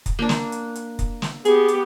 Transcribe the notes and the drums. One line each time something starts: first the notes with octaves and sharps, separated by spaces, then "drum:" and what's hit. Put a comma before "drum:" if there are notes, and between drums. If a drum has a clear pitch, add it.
drum: kick, hi-hat
A#3 D4
drum: snare
drum: hi-hat
drum: hi-hat
drum: kick, hi-hat
drum: snare
B3 G4 G#4, drum: hi-hat
drum: hi-hat